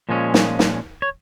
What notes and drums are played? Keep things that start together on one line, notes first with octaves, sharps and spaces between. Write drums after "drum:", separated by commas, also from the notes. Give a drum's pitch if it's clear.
A#2 F3 G#3 C#4
drum: snare
drum: snare
C#5